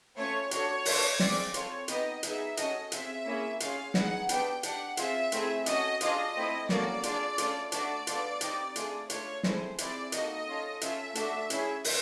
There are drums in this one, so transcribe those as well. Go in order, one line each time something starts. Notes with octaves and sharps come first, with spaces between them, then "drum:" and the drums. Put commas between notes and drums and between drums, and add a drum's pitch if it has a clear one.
A3 C#4 F4 C#5
D4 F#4 A4 C#5, drum: hi-hat
D4 F4 A4, drum: open hi-hat
C4 F4 G#4 D5, drum: snare
C4 F4 A4 C#5, drum: hi-hat
B3 D#4 G4 D#5, drum: hi-hat
B3 D#4 G#4 E5, drum: hi-hat
C#4 F#4 A4 D#5, drum: hi-hat
C4 F4 G#4 E5, drum: hi-hat
A#3 C#4 E4 G#4
C#4 F4 G#4 F5, drum: hi-hat
B3 D#4 G#4 F#5, drum: snare
B3 D4 G4 G5, drum: hi-hat
D4 G4 F#5, drum: hi-hat
C4 F4 G#4 E5, drum: hi-hat
A3 C4 E4 G#4, drum: hi-hat
C#4 F#4 A4 D#5, drum: hi-hat
D4 F4 G#4 D#5, drum: hi-hat
A3 C4 E4
A#3 C#4 F#4 A4 D5, drum: snare
D4 F4 G#4, drum: hi-hat
A3 C#4 F4 A4, drum: hi-hat
A3 D4 F#4 A4 D5, drum: hi-hat
B3 D4 F4 A4, drum: hi-hat
C4 D#4 G4, drum: hi-hat
A3 D4 F4 G#4, drum: hi-hat
A3 D4 F4 C#5, drum: hi-hat
A3 C4 E4 G#4 C5, drum: snare
C4 E4 G#4 D5, drum: hi-hat
A#3 D#4 F#4 A4 D#5, drum: hi-hat
C#4 F4 A4
C#4 F4 A4 E5, drum: hi-hat
A3 D4 F#4 A4, drum: hi-hat
C#4 E4 G#4, drum: hi-hat
drum: open hi-hat